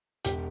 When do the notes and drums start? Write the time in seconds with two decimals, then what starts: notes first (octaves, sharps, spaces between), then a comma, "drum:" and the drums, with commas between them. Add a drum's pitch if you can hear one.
0.25 E1 G4, drum: hi-hat